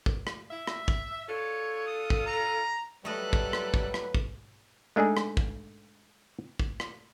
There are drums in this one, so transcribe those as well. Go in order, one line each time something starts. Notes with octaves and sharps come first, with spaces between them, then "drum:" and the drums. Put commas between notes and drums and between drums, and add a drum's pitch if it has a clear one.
drum: kick
drum: rim click
E5
drum: rim click
drum: kick
D4 F4 A4 C#5
D#6
drum: kick
A#5
F#3 G3 A3 A4 B4 D#5 F#6
drum: kick
drum: rim click
drum: kick
drum: rim click
drum: kick
G#3 A3 D4 D#4 G#4
drum: rim click
drum: kick
drum: kick
drum: rim click